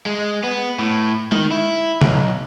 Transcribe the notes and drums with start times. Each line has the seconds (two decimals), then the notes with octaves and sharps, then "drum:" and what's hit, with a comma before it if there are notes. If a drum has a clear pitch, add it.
0.06 G#3
0.43 B3
0.79 A2
1.32 D#3, drum: tom G#3
1.51 E4
2.01 B1, drum: tom C#3